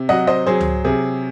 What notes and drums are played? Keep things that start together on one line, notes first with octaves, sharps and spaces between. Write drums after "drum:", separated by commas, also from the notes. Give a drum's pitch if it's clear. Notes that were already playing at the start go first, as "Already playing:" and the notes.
Already playing: C3
F#3 D#5 F#5
C5 D#5
F#3 G#4 C5
drum: tom C#2
C3 G#4